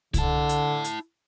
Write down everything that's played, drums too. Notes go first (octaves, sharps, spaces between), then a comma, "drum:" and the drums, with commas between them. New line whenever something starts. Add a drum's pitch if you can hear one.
D3 E4 A5, drum: kick C2, hi-hat
drum: hi-hat
drum: hi-hat